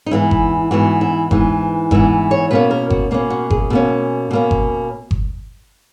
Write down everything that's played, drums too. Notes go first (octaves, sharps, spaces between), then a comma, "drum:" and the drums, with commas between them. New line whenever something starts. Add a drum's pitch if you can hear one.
D#4
G#2 E3 B3 E4
drum: kick G1
G#2 E3 B3 F#4
E4
G#2 E3 B3, drum: kick G1
G#2 E3 B3 E4, drum: kick G1
C#5
B2 A#3 C#4 B4
A#4
F#4, drum: kick G1
B2 A#3 C#4
F#4
G#4, drum: kick G1
B2 A#3 C#4
B2 A#3 C#4
drum: kick G1
drum: kick G1